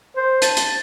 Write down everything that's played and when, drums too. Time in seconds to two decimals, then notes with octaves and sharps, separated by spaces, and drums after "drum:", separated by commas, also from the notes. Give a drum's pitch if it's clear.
0.17 C5
0.42 A5, drum: hi-hat
0.57 drum: hi-hat